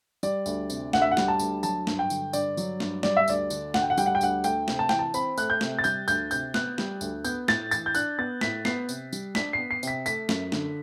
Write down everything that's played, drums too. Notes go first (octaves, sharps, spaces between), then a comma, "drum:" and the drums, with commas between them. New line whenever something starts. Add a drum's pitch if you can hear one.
G3 D5, drum: tambourine
D2, drum: tambourine
C3, drum: tambourine
D2 F#5, drum: snare
E5
F#5
G3, drum: snare
A5
D2, drum: tambourine
F#3 A5, drum: tambourine
G2, drum: snare
G5
D3, drum: tambourine
G2 D5, drum: tambourine
F#3, drum: tambourine
G2, drum: snare
G3 D5, drum: snare
E5
D2 D5, drum: tambourine
D3, drum: tambourine
D2 F#5, drum: snare
G5
F#5
G3 G5, drum: tambourine
F#5
G5
D2 F#5, drum: tambourine
A3 G5, drum: tambourine
C3, drum: snare
A5
E3 G5, drum: snare
A5
C4 B5, drum: tambourine
A3 F#6, drum: tambourine
G6
C3, drum: snare
A6
G3 G6, drum: tambourine
D2 G6, drum: tambourine
C3 G6, drum: tambourine
B3 F#6, drum: snare
G3, drum: snare
D2, drum: tambourine
B3 G6, drum: tambourine
A2 A6, drum: snare
E3 A6, drum: tambourine
G6
D4 F#6, drum: tambourine
B3 A6
A2 B6, drum: snare
B3 C7, drum: snare
C3, drum: tambourine
G3, drum: tambourine
D4 B6, drum: snare
B3 C7
C7
C3 B6, drum: tambourine
A3 B6, drum: tambourine
F#2, drum: snare
D3, drum: snare